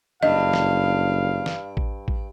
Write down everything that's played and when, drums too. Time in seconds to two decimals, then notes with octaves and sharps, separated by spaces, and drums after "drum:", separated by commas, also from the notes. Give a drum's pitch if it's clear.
0.23 F#1 G2 D#5 F5
0.53 drum: snare
1.46 drum: snare
1.77 drum: kick A1
2.08 drum: kick A1